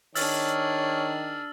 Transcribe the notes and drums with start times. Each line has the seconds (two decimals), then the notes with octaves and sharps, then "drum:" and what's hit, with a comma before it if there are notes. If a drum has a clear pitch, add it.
0.15 D#3 D4 G#4 C#5 E6 F6 A6, drum: open hi-hat